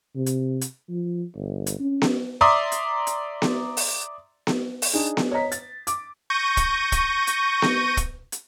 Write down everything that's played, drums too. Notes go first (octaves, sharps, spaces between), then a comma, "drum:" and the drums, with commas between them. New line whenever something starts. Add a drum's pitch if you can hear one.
C3
drum: hi-hat
drum: hi-hat
F3
G1
drum: hi-hat
C#4
drum: snare B3
D5 E5 A#5 C6 D6 D#6
drum: hi-hat
drum: hi-hat
drum: snare B3
drum: open hi-hat
drum: snare B3
drum: open hi-hat
D4 D#4 G#4
drum: snare B3
C#5 D#5 A#5 B6
A6, drum: hi-hat
D6, drum: hi-hat
C#6 G6 A#6 D#7
drum: kick, hi-hat
drum: kick, hi-hat
drum: hi-hat
drum: snare B3
drum: kick, hi-hat
drum: hi-hat